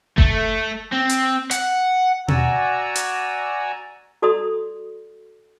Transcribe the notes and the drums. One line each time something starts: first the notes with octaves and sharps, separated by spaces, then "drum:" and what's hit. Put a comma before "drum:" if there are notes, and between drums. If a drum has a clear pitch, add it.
A3, drum: kick F#1
C4
drum: hi-hat
F#5, drum: hi-hat
F#4 D5 F#5 G#5 A#5 E6, drum: tom B2
drum: hi-hat
F#4 A4 D5 A#5 C6 D#6